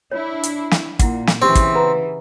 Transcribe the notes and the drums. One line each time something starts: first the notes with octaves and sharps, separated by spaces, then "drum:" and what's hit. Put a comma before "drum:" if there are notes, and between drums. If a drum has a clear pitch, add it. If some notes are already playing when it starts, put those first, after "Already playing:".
D4 E4 C#5
drum: hi-hat
drum: snare
A#2 E4 F#5, drum: kick, hi-hat
drum: snare
C#3 E3 C4 D4 G4
drum: kick, hi-hat
B4 F#5 A#5